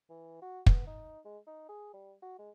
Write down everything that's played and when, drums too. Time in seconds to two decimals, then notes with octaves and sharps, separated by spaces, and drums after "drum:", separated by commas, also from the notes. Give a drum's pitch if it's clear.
0.10 E3
0.42 F#4
0.66 B3, drum: kick
0.87 D#4
1.25 G#3
1.47 D#4
1.68 G#4
1.94 G3
2.22 F#4
2.39 G#3